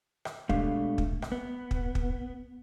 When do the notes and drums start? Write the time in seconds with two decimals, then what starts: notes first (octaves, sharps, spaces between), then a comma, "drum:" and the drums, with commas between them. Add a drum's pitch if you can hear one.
0.25 drum: rim click
0.49 B2 G#3 A3 D4 G4 F5, drum: kick
0.98 drum: kick
1.22 drum: rim click
1.32 B3
1.71 drum: kick
1.95 drum: kick